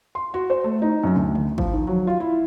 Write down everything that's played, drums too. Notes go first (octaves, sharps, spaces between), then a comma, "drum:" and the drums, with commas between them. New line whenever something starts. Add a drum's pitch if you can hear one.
C6
F#4
C5
A3
D#4
F#2
D2
drum: tom C#3
F3, drum: kick G#1
D#3
F#3
F4
E4